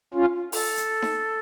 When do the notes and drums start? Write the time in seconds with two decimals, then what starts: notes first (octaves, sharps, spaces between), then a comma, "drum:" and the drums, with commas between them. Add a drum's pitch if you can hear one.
0.14 C#4 F4
0.52 A4, drum: open hi-hat
0.77 drum: hi-hat
1.02 drum: snare D#4